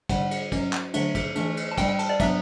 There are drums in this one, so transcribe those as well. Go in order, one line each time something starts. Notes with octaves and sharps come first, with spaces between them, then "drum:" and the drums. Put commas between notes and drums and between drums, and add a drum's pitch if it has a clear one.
D3 G3 D4 F#5, drum: kick, cymbal
drum: cymbal
F#3 C#4, drum: kick, cymbal
drum: clap
D3 F#3 A3 D4 E5, drum: cymbal
drum: kick, cymbal
E3 A3 D4, drum: cymbal
drum: cymbal
A5
G3 D4 G5, drum: kick, cymbal
G5
A5, drum: cymbal
D5
F#3 B3 D4 E5, drum: kick, cymbal